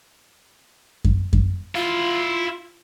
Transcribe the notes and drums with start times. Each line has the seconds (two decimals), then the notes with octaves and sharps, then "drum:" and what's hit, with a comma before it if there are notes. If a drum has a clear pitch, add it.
1.04 drum: kick F#2
1.33 drum: kick F#2
1.75 E4 F4 F5